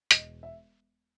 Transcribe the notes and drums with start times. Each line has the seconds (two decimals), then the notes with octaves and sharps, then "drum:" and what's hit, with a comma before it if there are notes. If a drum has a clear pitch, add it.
0.11 E1 D#5, drum: hi-hat
0.43 E5